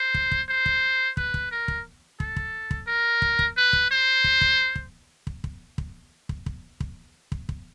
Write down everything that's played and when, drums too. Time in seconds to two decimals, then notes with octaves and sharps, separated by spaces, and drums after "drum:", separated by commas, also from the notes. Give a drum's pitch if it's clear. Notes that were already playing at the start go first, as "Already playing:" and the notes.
Already playing: C5
0.14 drum: kick
0.32 drum: kick
0.49 C5
0.66 drum: kick
1.17 B4, drum: kick
1.34 drum: kick
1.51 A#4
1.68 drum: kick
2.20 A4, drum: kick
2.36 drum: kick
2.71 drum: kick
2.87 A#4
3.22 drum: kick
3.39 drum: kick
3.57 B4
3.73 drum: kick
3.91 C5
4.24 drum: kick
4.41 drum: kick
4.76 drum: kick
5.27 drum: kick
5.44 drum: kick
5.78 drum: kick
6.29 drum: kick
6.46 drum: kick
6.80 drum: kick
7.32 drum: kick
7.49 drum: kick